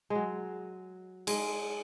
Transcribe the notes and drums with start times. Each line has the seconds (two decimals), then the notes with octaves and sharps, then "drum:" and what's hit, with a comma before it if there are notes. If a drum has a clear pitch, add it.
0.10 F#3 G#3
1.27 G#3, drum: cymbal